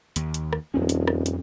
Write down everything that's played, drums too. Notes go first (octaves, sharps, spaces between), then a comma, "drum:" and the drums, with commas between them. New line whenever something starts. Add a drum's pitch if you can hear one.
D#2, drum: hi-hat
drum: hi-hat
drum: rim click
D#1 F2 C4 C#4
drum: hi-hat
drum: rim click
drum: hi-hat